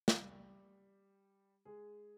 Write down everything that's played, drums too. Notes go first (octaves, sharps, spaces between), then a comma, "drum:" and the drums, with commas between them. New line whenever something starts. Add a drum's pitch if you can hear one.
G3 G4, drum: snare
G#3 G#4